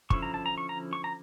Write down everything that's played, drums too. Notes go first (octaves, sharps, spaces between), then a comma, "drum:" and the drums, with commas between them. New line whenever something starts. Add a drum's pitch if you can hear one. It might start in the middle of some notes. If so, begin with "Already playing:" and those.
D3 F3 C#4 E4 C#6, drum: kick
A#5
A5
A#5
C#6
A#5
C#6
A#5